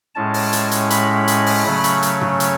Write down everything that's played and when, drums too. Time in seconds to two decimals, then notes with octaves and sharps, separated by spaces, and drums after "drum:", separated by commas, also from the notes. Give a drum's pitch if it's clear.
0.15 A2 G#3 C#4 A5
0.34 drum: open hi-hat
0.53 drum: hi-hat
0.71 drum: hi-hat
0.90 B5, drum: hi-hat
1.28 drum: hi-hat
1.46 drum: open hi-hat
1.66 C#3 F#3 A3 C#4
1.84 drum: hi-hat
2.02 drum: hi-hat
2.21 drum: tom
2.40 drum: hi-hat